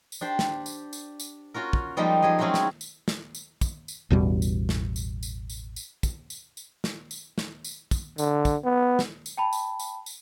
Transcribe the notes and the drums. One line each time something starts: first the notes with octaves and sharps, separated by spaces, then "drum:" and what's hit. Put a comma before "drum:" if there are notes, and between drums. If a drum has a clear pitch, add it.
drum: tambourine
D4 G4 C5
drum: snare
drum: tambourine
drum: tambourine
drum: tambourine
C#4 F4 F#4 A#4
drum: kick
F3 G3 G#3 A#3 D#4 G4
F3 G4 G#4 D#5
F#3 G#3 A3 C4 C#4 G#4
drum: snare
drum: tambourine
drum: snare
drum: tambourine
drum: kick, tambourine
drum: tambourine
A1 E2 B2 G3
drum: tambourine
drum: snare
drum: tambourine
drum: tambourine
drum: tambourine
drum: tambourine
drum: kick, tambourine
drum: tambourine
drum: tambourine
drum: snare
drum: tambourine
drum: snare
drum: tambourine
drum: kick, tambourine
D3, drum: tambourine
drum: kick, tambourine
B3
drum: snare
drum: tambourine
G5 A5 B5
drum: tambourine
drum: tambourine
drum: tambourine